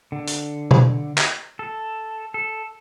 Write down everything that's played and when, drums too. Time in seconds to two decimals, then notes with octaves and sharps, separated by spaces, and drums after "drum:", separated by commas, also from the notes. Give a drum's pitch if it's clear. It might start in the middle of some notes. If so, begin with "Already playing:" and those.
0.12 D3
0.27 drum: hi-hat
0.71 drum: tom
1.18 drum: clap
1.59 A4
2.34 A4